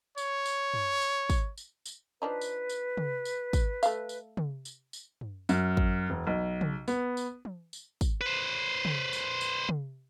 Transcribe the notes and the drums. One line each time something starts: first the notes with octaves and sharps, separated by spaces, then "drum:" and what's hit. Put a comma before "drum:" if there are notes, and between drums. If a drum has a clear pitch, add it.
C#5, drum: tambourine
drum: tambourine
drum: tom
drum: tambourine
drum: kick, tambourine
drum: tambourine
drum: tambourine
F3 D4 D#4 B4
drum: tambourine
drum: tambourine
drum: tom
drum: tambourine
drum: kick, tambourine
A3 F5, drum: tambourine
drum: tambourine
drum: tom
drum: tambourine
drum: tambourine
drum: tom
F#2, drum: tambourine
drum: kick
E1
B1
drum: tom
B3, drum: tambourine
drum: tambourine
drum: tom
drum: tambourine
drum: kick, tambourine
B4 C5
drum: tom
drum: tambourine
drum: tambourine
drum: tom